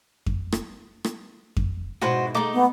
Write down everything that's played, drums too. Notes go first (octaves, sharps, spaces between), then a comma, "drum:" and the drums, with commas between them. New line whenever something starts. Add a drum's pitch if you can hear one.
drum: kick F2
drum: rim click
drum: rim click
drum: kick F2
G#2 B2 E4 F#4 B4 C5
G#3 A3 D#4 D6
B3